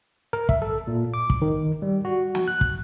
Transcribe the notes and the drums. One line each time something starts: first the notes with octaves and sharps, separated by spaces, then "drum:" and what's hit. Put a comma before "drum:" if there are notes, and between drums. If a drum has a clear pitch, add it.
A#4
E5, drum: kick
A4
A#2
D6
drum: kick
D#3
G3
F#4
drum: snare
F#6
drum: kick